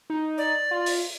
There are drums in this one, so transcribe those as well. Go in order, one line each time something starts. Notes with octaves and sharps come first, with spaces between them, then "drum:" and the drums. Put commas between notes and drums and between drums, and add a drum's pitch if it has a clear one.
D#4
D5
F4
drum: open hi-hat